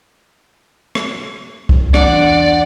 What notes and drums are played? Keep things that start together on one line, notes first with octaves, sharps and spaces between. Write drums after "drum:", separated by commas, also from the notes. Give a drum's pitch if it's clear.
drum: rim click
drum: kick C2
E2 D4 D5 F#5, drum: rim click